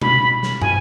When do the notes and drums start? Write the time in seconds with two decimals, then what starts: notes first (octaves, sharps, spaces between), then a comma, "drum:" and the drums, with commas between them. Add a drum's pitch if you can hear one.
0.02 B5, drum: tom B2
0.43 drum: snare
0.62 G#5, drum: tom